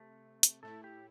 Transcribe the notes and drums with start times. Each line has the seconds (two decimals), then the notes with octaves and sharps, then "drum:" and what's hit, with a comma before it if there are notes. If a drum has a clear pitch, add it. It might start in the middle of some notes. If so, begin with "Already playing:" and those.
Already playing: C3 A3
0.43 drum: hi-hat
0.63 A2 A3 E4 A4
0.84 G4